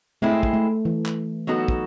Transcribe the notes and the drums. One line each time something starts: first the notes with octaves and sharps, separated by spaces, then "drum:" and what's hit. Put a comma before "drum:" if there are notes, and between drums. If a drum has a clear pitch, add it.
G#3 A3 C4 E4
drum: kick
A3
E3
drum: clap
F#3 B3 D#4 F#4 A4
drum: kick